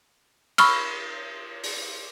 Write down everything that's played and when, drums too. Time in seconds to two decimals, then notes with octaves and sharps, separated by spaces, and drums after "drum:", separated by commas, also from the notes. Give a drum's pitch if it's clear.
0.58 B5 C#6 E6 F6, drum: cymbal
1.64 drum: open hi-hat